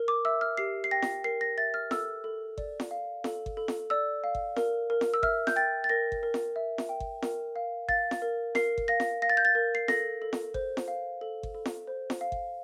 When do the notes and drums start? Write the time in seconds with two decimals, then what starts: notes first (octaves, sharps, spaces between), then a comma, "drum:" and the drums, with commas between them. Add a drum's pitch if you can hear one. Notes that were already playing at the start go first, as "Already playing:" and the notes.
Already playing: A#4
0.08 D6
0.25 E5 E6
0.41 F6
0.57 G4 C7
0.84 C7
0.91 G5 A#6
1.02 drum: snare
1.24 A#4 C7
1.41 A#6
1.57 E5 A6
1.74 F6
1.91 A4 E6, drum: snare
2.24 A4
2.58 D5, drum: kick G1
2.80 drum: snare
2.91 F5
3.24 A4, drum: snare
3.46 drum: kick G1
3.57 A4
3.68 drum: snare
3.90 D5 E6
4.24 F5
4.35 drum: kick G1
4.56 A#4, drum: snare
4.90 A#4
5.01 drum: snare
5.14 E6
5.23 E5 F6, drum: kick G1
5.47 G6, drum: snare
5.56 G5 A6
5.84 A6
5.89 A#4 A#6
6.12 drum: kick G1
6.23 A#4
6.34 drum: snare
6.56 E5
6.78 drum: snare
6.89 G5
7.00 drum: kick G1
7.22 A#4, drum: snare
7.56 F5
7.89 F5 A6, drum: kick G1
8.11 drum: snare
8.22 A#4
8.55 A#4 C7, drum: snare
8.78 drum: kick G1
8.88 F5 A#6
9.00 drum: snare
9.22 F5 A#6
9.30 A6
9.37 G6
9.45 A6
9.55 A#4
9.75 C7
9.88 A4 A#6, drum: snare
10.22 A4
10.33 drum: snare
10.54 C5, drum: kick G1
10.77 drum: snare
10.88 F5
11.21 A4
11.43 drum: kick G1
11.55 A4
11.65 drum: snare
11.87 C5
12.10 drum: snare
12.21 F5
12.32 drum: kick G1